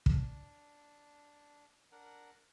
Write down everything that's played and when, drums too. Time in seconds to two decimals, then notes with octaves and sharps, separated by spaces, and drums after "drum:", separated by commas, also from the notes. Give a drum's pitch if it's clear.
0.06 D4, drum: kick
1.92 D4 A#4 F#5